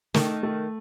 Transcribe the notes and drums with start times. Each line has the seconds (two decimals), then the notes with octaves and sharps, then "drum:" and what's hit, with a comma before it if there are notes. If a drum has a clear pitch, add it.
0.14 D#3 A3, drum: snare
0.43 A3